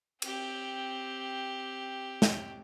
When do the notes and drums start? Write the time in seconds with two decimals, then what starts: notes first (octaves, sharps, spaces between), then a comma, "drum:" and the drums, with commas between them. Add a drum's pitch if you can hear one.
0.22 C4 G4, drum: cymbal
2.22 drum: snare